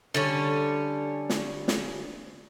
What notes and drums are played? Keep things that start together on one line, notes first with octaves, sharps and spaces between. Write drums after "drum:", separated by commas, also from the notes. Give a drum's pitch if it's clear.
D3 G3 C#4
drum: snare
drum: snare